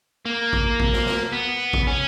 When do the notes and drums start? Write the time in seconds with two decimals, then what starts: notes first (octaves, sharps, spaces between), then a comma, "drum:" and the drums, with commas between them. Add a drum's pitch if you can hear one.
0.26 A#3
0.53 drum: kick A1
0.80 drum: kick A1
0.93 drum: snare
1.06 drum: snare
1.33 B3
1.73 drum: kick A1
1.87 C#4